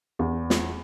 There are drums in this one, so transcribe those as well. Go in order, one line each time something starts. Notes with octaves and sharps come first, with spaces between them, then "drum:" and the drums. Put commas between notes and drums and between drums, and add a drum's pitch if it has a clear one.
E2
drum: snare